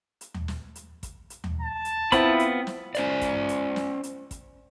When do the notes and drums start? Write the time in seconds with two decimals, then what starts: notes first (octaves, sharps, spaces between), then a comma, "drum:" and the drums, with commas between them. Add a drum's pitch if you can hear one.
0.21 drum: hi-hat
0.34 drum: tom D#2
0.48 drum: snare
0.75 drum: hi-hat
1.03 drum: kick, hi-hat
1.30 drum: hi-hat
1.44 drum: tom D#2
1.61 A5
1.85 drum: hi-hat
2.12 B3 C4 E4 F4 B5, drum: kick, hi-hat
2.39 drum: hi-hat
2.67 drum: snare
2.95 C#4 C5 D5, drum: hi-hat
3.21 drum: kick, hi-hat
3.49 drum: hi-hat
3.76 drum: snare
4.03 drum: hi-hat
4.31 drum: kick, hi-hat